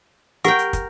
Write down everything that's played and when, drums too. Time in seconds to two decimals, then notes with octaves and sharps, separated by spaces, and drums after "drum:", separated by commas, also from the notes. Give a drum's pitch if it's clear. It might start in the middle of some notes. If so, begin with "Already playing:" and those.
0.44 G4 A#4 F#5 G5 C#6, drum: hi-hat
0.59 drum: hi-hat
0.73 drum: kick, hi-hat